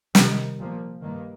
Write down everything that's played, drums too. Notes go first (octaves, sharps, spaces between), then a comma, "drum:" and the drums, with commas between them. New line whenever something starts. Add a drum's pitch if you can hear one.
C3 D#3 G3, drum: snare
A#2 F3 A#3
G2 D#3 A#3